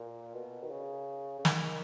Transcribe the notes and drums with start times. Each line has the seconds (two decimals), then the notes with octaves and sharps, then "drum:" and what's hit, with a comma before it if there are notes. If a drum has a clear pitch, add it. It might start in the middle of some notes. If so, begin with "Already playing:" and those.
Already playing: A#2
0.34 B2
0.63 D#3
0.71 C#3
1.39 C#3
1.45 D#3, drum: snare